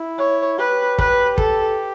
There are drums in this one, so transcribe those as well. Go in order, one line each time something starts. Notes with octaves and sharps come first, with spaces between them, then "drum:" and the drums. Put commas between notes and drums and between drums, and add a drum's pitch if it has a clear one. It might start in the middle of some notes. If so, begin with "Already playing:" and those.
Already playing: E4
C#5
G4 B4
B4, drum: kick
A4, drum: kick